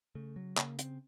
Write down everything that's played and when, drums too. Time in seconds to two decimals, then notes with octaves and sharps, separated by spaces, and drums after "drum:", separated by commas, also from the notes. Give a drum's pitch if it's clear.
0.15 C#3 A3
0.36 F#3
0.58 C#3 A#3, drum: clap
0.79 C4, drum: hi-hat